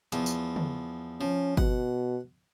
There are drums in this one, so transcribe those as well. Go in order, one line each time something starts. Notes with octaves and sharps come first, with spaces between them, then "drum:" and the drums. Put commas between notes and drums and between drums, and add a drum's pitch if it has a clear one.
E2 F3, drum: hi-hat
drum: tambourine
drum: tom C#3
F3 C#4
B2 F#5, drum: kick G1